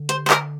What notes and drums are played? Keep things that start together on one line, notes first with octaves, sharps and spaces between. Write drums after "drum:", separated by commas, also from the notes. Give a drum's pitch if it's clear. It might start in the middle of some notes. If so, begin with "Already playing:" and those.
Already playing: D3
C5, drum: hi-hat
C5
A#4, drum: clap